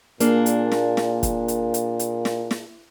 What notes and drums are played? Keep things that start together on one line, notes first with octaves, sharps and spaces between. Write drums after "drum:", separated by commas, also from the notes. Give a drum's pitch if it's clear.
A#2 A#3 D4 G#4, drum: hi-hat
drum: hi-hat
drum: snare
drum: snare
drum: kick, hi-hat
drum: hi-hat
drum: hi-hat
drum: hi-hat
drum: snare
drum: snare